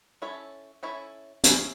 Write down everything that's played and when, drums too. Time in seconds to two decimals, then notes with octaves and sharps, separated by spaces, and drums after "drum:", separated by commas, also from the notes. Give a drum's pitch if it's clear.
0.22 C#4 E4 A4 C#5 E5
0.83 C#4 E4 A4 C#5 E5
1.44 C#4 E4 G#4 C#5 F5, drum: hi-hat